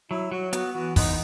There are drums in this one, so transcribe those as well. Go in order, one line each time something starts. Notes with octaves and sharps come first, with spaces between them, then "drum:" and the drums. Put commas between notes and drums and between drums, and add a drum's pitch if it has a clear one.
F#3 E4
F#3 F#4
B3 F#4, drum: hi-hat
E3 F#4
B3 D#4, drum: kick, open hi-hat